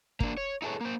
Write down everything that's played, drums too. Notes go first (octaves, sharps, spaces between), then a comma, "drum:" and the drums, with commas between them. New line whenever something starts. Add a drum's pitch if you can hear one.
A#3 D4, drum: kick
C#5
D#4 E4 G#4 A4 B4 C#5
A#3 C5